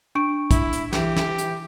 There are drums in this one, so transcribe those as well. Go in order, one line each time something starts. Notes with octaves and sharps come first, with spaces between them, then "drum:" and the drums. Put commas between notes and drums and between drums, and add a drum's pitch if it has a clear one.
D4 C#6 D7
E4, drum: kick, hi-hat
drum: hi-hat
E3 G4, drum: snare
drum: snare
drum: hi-hat